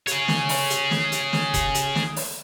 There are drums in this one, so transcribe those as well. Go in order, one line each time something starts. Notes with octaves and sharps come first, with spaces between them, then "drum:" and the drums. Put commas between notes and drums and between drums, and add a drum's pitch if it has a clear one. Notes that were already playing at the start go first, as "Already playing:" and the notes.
G#4 C#5, drum: hi-hat
drum: snare
drum: open hi-hat
drum: hi-hat
drum: snare
drum: hi-hat
drum: snare
drum: kick F1, hi-hat
drum: hi-hat
drum: snare
drum: open hi-hat